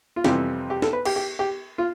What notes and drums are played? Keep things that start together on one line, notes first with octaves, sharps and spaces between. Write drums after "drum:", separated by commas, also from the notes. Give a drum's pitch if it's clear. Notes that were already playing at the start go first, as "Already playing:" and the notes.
F4
F2 C3 E3 G3 G4, drum: snare
G4
A4, drum: snare
B4
G4, drum: cymbal
G4
G4
F4